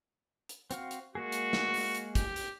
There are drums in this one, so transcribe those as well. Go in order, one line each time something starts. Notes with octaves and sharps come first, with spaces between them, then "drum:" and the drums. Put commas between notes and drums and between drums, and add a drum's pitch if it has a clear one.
drum: hi-hat
C4 F#4 F5, drum: hi-hat
drum: hi-hat
G#3 A#3 F#4 G#4
drum: hi-hat
drum: snare
drum: open hi-hat
drum: hi-hat
G4, drum: kick, hi-hat
drum: hi-hat